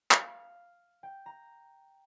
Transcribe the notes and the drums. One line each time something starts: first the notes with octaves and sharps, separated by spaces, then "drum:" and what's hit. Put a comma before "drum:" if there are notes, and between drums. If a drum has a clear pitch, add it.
F5, drum: clap
G5
A#5